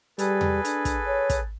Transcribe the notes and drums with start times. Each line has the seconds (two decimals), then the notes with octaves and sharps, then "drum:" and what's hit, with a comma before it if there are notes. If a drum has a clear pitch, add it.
0.19 G3 G#4 A4 B4, drum: hi-hat
0.41 drum: tom E2
0.65 D4, drum: hi-hat
0.85 drum: kick, hi-hat
1.07 C#5
1.30 drum: kick, hi-hat